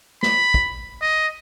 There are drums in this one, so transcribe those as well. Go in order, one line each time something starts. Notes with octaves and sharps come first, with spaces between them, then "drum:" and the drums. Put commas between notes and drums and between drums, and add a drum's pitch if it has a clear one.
B5, drum: snare
drum: kick
D#5